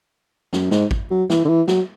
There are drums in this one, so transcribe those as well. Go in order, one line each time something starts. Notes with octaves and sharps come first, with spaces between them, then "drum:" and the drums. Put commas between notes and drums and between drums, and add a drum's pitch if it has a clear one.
F#2, drum: snare
G#2, drum: snare
drum: kick
F#3
E3, drum: snare
D3
E3
F#3, drum: snare